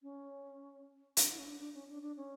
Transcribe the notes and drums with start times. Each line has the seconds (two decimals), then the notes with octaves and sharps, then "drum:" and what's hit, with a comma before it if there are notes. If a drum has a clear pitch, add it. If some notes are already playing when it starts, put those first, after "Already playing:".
0.02 C#4
1.17 D4, drum: hi-hat
1.31 E4
1.39 C#4
1.46 D4
1.60 D4
1.74 C#4
1.88 D4
2.02 D4
2.17 C#4